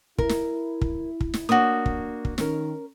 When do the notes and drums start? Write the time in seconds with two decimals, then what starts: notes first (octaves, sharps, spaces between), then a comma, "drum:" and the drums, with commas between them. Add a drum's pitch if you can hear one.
0.18 E4 A#4, drum: kick
0.29 drum: snare
0.81 drum: kick
1.21 drum: kick
1.34 drum: snare
1.49 A#3 D4 F#4 C#5 D#6
1.86 drum: kick
2.25 drum: kick
2.38 D#3 C#4 A#4, drum: snare